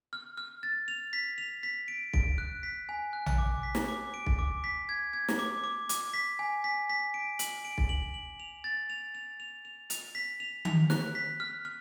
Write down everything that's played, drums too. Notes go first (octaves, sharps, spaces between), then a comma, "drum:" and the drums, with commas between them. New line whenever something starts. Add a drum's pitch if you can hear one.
F6
F6
A6
F7
B6
F7
B6
D7
D7, drum: kick B1
F#6
B6
G#5
F#6
drum: tom A#1
D6
B6
drum: snare
D6
D7
drum: kick B1
D6
B6
G#6
G#6
drum: snare
D6
D6
D6, drum: hi-hat
B6
G#5
B6
B6
D7
F#7, drum: hi-hat
D7
drum: kick B1
F#7
F#7
F7
A6
F7
F7
F7
F7
F7, drum: hi-hat
B6
F7
F7, drum: tom D#3
F#6, drum: snare
B6
F6
F6